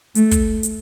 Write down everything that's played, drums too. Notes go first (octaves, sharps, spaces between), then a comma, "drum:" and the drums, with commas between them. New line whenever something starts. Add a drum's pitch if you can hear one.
A3, drum: hi-hat
drum: kick, hi-hat
drum: hi-hat